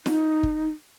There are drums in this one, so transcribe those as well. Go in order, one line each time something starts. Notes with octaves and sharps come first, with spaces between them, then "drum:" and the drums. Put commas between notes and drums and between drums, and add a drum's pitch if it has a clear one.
D#4, drum: snare
drum: kick